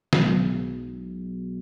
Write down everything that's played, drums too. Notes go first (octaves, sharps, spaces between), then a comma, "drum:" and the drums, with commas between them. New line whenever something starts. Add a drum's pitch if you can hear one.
B1 B2 G#3, drum: snare